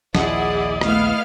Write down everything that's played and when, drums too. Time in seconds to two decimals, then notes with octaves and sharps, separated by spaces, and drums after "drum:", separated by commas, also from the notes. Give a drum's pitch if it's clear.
0.15 A#1 D#2 F3 E4 G#4 D5 D#5 F#5, drum: snare
0.81 A3 B3 E4 F5 F6, drum: rim click